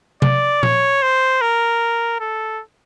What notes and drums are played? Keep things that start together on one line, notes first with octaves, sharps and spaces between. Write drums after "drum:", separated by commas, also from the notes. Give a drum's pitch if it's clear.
D5, drum: tom C3
C#5, drum: tom A#2
C5
A#4
A4